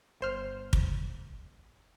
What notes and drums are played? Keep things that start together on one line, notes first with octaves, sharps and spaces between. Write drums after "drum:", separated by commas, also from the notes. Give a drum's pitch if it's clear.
G1 C5 F6
drum: kick